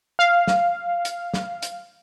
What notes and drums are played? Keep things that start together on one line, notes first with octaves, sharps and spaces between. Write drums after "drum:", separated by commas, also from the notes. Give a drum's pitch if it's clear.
F5
drum: snare
drum: hi-hat
drum: snare
drum: hi-hat